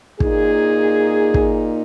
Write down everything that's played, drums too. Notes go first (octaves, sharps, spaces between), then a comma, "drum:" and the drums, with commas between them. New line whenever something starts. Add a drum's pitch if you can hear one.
A#2 A#3 D#4 G#4, drum: kick
drum: kick